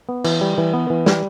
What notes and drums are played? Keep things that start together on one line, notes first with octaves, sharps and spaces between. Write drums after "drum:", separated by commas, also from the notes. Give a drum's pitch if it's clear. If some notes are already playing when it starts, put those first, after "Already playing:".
B3
E3, drum: cymbal
G3
E3
B3
E3
G3, drum: snare